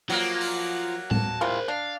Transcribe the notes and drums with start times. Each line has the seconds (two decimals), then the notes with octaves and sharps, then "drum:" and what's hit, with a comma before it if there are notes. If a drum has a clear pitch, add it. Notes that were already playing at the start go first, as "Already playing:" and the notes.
0.09 F3 F#3 A#3, drum: open hi-hat
0.41 drum: open hi-hat
1.11 A5, drum: tom A2
1.41 C3 E3 F4 A#4 C5
1.68 D4 F5